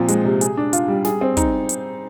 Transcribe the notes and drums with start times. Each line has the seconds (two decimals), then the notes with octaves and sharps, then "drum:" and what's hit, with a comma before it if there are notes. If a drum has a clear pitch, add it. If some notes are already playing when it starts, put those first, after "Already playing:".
Already playing: A#2 F3 C4
0.08 G#3, drum: hi-hat
0.25 C3
0.41 G#4, drum: hi-hat
0.57 D4
0.73 F4, drum: hi-hat
0.88 G3
1.05 G#4, drum: snare
1.21 C4
1.37 D#4, drum: kick, hi-hat
1.69 drum: hi-hat